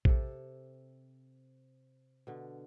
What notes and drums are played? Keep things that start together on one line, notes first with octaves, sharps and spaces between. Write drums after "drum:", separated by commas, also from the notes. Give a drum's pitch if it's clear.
C3 A4, drum: kick
B2 D3